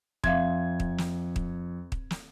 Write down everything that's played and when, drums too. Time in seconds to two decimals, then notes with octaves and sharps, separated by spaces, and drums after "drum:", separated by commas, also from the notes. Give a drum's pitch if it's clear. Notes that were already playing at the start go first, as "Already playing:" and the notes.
0.24 F2 C4 E5 F5 G#6, drum: kick
0.80 drum: kick
0.98 drum: snare
1.36 drum: kick
1.92 drum: kick
2.11 drum: snare